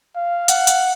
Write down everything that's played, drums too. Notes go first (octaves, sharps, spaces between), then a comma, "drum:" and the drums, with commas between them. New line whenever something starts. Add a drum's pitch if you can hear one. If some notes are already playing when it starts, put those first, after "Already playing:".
F5
F#5, drum: hi-hat
drum: hi-hat